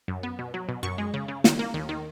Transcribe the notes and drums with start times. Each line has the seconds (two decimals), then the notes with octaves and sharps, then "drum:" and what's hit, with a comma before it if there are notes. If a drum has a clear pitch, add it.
0.08 F#2
0.23 B3
0.39 B2
0.54 F#3
0.69 B2
0.83 F#2 C#6
0.98 G#3
1.14 C#3
1.28 C#3
1.44 D#3, drum: snare
1.59 A#3
1.74 D#2
1.89 D#3